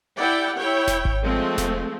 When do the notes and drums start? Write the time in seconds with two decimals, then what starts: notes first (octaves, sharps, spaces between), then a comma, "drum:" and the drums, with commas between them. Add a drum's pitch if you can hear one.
0.18 E4 G4 D5 F#5 G5
0.57 E4 C#5 G5
0.88 drum: snare E1
1.05 drum: kick G#1
1.23 F3 G#3 A3 C4
1.58 drum: snare E1